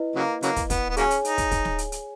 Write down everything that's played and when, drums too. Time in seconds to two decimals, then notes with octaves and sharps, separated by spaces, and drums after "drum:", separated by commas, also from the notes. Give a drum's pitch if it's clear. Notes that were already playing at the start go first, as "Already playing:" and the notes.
Already playing: E4 B4 D#5
0.16 C#3 F#3 A#3
0.42 C#3 F#3 A#3, drum: hi-hat
0.56 drum: kick, hi-hat
0.70 B3, drum: kick, hi-hat
0.89 B3
0.97 F#3 A#3 C#4 G#4 C#5 G#5, drum: hi-hat
1.11 drum: hi-hat
1.25 D#4, drum: hi-hat
1.38 drum: kick, hi-hat
1.51 drum: kick, hi-hat
1.65 drum: snare
1.78 drum: hi-hat
1.92 drum: hi-hat